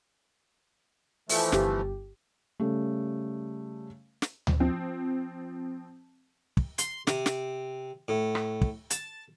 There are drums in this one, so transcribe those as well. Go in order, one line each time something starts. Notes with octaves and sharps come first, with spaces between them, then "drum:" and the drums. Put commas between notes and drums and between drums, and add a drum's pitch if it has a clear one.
E3 F3 A3, drum: open hi-hat
G1 G4, drum: snare
C#3 G3 A3
drum: snare
drum: tom D2
F3 C4
drum: kick
C6, drum: hi-hat
C3, drum: snare
drum: snare
A2
drum: rim click
drum: kick
A5, drum: hi-hat